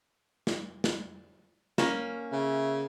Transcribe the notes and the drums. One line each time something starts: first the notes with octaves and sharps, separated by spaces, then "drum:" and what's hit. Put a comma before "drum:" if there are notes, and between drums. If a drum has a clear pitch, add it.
drum: snare
drum: snare
A#3 C#4, drum: snare
C#3 E5